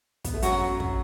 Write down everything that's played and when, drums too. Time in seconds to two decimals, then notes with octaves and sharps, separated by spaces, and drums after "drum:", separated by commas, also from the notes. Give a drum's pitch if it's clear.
0.25 B3, drum: kick, hi-hat
0.34 A3
0.42 F#2 F#3 F#4, drum: hi-hat
0.80 drum: kick